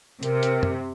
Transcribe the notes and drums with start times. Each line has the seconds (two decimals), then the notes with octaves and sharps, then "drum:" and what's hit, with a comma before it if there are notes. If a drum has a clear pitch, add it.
0.23 C3 A#4, drum: hi-hat
0.43 drum: hi-hat
0.63 drum: tom F#2